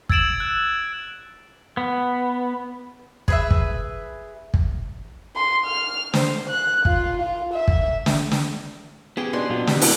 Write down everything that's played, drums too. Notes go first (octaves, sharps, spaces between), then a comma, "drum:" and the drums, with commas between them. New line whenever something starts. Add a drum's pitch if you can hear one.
E6 G#6 A6 D7 E7 F#7, drum: kick
F#6
B3
G#4 B4 E5, drum: kick
drum: kick
drum: kick
C6
F6
C5, drum: snare
F#6
F4, drum: kick
F4
E5
drum: kick
drum: snare
drum: snare
B3 C#4 G4 G#4 G5
B2 D4 C6
A#2 F#3 F4
C4 G4, drum: snare
B3 C#4 E4 F#4, drum: open hi-hat